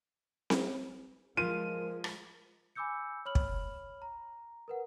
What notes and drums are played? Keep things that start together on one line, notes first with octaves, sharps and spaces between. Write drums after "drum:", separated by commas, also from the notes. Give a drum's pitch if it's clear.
drum: snare C4
F3 G#3 F4 A#4 D#7
drum: rim click
G#5 B5 D6 E6 G6 C#7
C#5 B5 F6 F#7
drum: kick
A#5
A#4 B4 F#5